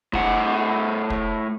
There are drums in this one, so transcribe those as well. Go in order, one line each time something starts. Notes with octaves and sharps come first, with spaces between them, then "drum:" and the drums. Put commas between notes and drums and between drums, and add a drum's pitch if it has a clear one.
A2 F#5, drum: kick
drum: kick